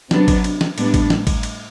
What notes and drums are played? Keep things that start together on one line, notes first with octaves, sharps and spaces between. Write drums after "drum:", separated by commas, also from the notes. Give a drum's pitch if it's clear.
C3 F#3 B3 D4, drum: snare
drum: kick G#1, cymbal
drum: cymbal
drum: snare
A2 G3 B3 D4, drum: cymbal
drum: kick G#1, cymbal
drum: snare
drum: kick G#1, cymbal
drum: cymbal